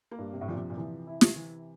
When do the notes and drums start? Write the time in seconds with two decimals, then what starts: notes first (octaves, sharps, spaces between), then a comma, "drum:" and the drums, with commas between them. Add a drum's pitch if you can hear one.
0.11 A#3
0.19 G2
0.33 C3
0.41 A2
0.48 A#2 F3
0.56 C3
0.70 A#2
0.77 C3 E3
1.07 E4
1.21 drum: snare
1.36 E3